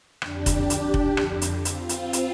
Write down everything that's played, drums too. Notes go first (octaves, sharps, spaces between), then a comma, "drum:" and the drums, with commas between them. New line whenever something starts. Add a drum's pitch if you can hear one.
F2 D3 D4 G4, drum: rim click
drum: kick F1, hi-hat
drum: hi-hat
drum: kick F1
F2 D3, drum: rim click
drum: hi-hat
C4 F4, drum: hi-hat
drum: hi-hat
drum: hi-hat